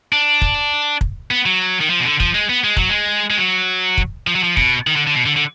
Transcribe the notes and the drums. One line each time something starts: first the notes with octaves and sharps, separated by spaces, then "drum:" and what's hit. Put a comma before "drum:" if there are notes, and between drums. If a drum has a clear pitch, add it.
D4
drum: kick
drum: kick
B3
F#3
D#3
F3
B2
D3
F3, drum: kick
G#3
B3
G#3
F#3, drum: kick
G#3
G#3
F#3
drum: kick
F3
F#3
F3
B2, drum: kick
D#3
D3
D3
B2
D3
D3